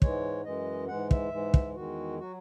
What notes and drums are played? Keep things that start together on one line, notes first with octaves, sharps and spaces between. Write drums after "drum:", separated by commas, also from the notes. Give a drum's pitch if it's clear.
G#2 E3 G#3 C#5, drum: kick
F#2 E3 G#3 D#5
G#2 E3 G#3 F#5
E5, drum: kick
G#2 E3 G#3
drum: kick
E2 D#3 G#3 F#4
F#3 F#4